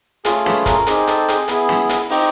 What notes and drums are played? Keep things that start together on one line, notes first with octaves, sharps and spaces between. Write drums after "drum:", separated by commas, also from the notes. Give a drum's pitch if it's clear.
A3 C#4 F4 G#4, drum: hi-hat
B4, drum: snare
A#4, drum: kick, hi-hat
C4 D#4 G4 G#4, drum: hi-hat
A4, drum: hi-hat
G#4, drum: hi-hat
B3 E4 G#4, drum: hi-hat
drum: snare
drum: hi-hat
C4 D#4 G4, drum: open hi-hat